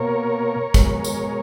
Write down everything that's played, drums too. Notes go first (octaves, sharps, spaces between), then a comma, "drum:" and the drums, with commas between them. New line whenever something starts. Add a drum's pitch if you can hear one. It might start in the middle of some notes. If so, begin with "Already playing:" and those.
Already playing: B2 A#3 A#4 C#5
B2 G#3, drum: kick, tambourine
drum: tambourine